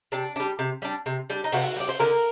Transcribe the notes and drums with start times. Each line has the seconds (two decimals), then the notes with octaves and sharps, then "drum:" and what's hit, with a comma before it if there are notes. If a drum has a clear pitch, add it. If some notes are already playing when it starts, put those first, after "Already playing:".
0.12 C3 D4
0.36 G3 D4
0.59 C3
0.82 G3 D4
1.06 C3
1.30 G3 D4
1.44 D#4
1.52 C3 F#4, drum: open hi-hat
1.76 G3 D4
1.89 C5
2.00 D3 A#4